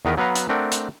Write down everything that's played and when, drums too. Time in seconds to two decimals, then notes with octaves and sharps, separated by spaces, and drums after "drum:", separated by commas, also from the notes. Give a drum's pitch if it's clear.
0.05 E2 D#3 B3 A#4 B4
0.17 F#3 B3 B4 F5 A#5
0.35 drum: hi-hat
0.49 A3 C4 D4 A#4 F#5
0.72 drum: hi-hat